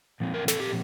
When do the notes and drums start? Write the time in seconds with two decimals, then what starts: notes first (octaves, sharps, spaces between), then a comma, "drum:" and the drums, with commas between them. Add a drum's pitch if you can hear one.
0.20 A#2 F3 C4
0.34 A#4
0.48 A4, drum: snare
0.60 G4